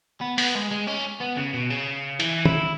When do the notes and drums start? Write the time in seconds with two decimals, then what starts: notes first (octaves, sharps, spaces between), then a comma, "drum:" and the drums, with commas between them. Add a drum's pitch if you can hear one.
0.21 B3
0.38 B3, drum: open hi-hat
0.55 G#3
0.71 G#3
0.88 C#4
1.21 B3
1.37 C#3
1.54 B2
1.70 C#3
2.20 E3, drum: hi-hat
2.45 E4, drum: tom